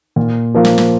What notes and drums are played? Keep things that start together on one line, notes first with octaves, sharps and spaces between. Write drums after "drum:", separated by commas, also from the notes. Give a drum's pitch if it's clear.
A#2
F3 A#3 F4
drum: snare
drum: snare